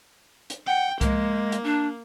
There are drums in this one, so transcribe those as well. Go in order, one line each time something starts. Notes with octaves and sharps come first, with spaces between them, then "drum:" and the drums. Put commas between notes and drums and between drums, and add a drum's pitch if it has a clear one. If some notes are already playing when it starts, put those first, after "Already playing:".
drum: hi-hat
F#5 G5
G#3 A#3, drum: kick C2, hi-hat
drum: hi-hat
D4